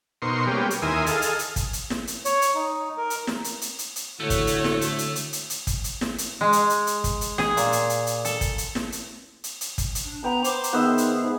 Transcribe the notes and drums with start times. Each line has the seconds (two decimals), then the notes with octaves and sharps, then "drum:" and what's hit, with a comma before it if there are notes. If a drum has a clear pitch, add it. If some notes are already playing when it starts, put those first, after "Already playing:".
0.22 B2 D#4 A#4 C5 C6 C#6
0.47 G3 G#3 A#3 B3 C#4 G4
0.70 drum: hi-hat
0.82 D#2 E4 A#4 G#5 C6 D#6
1.06 G#4 A4 D#5 F5, drum: hi-hat
1.22 drum: hi-hat
1.39 drum: hi-hat
1.56 drum: kick, hi-hat
1.73 drum: hi-hat
1.90 drum: snare
2.07 drum: hi-hat
2.25 C#5, drum: hi-hat
2.42 drum: hi-hat
2.55 D#4
2.97 A#4
3.10 drum: hi-hat
3.27 drum: snare
3.44 drum: hi-hat
3.62 drum: hi-hat
3.79 drum: hi-hat
3.96 drum: hi-hat
4.20 A2 D3 A3 F#4 C#5
4.30 drum: kick, hi-hat
4.47 drum: hi-hat
4.64 drum: snare
4.81 drum: hi-hat
4.98 drum: hi-hat
5.16 drum: hi-hat
5.33 drum: hi-hat
5.50 drum: hi-hat
5.67 drum: kick, hi-hat
5.84 drum: hi-hat
6.01 drum: snare
6.18 drum: hi-hat
6.41 G#3
6.53 drum: hi-hat
6.70 drum: hi-hat
6.87 drum: hi-hat
7.04 drum: kick, hi-hat
7.21 drum: hi-hat
7.38 G#4, drum: snare
7.57 A#2, drum: hi-hat
7.72 drum: hi-hat
7.90 drum: hi-hat
8.07 drum: hi-hat
8.25 A4, drum: hi-hat
8.41 drum: kick, hi-hat
8.58 drum: hi-hat
8.75 drum: snare
8.92 drum: hi-hat
9.44 drum: hi-hat
9.61 drum: hi-hat
9.78 drum: kick, hi-hat
9.95 drum: hi-hat
10.04 D4
10.24 B3 G5 A#5
10.44 C5 D6, drum: hi-hat
10.64 drum: hi-hat
10.73 D#3 B3 G#4 E5
10.98 drum: hi-hat
11.24 G#2